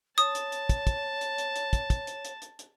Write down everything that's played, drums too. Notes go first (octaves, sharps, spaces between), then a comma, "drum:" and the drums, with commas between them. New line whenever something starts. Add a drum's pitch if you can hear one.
C#5 A5 D#6, drum: hi-hat
drum: hi-hat
drum: hi-hat
drum: kick, hi-hat
drum: kick, hi-hat
drum: hi-hat
drum: hi-hat
drum: hi-hat
drum: kick, hi-hat
drum: kick, hi-hat
drum: hi-hat
drum: hi-hat
drum: hi-hat
drum: hi-hat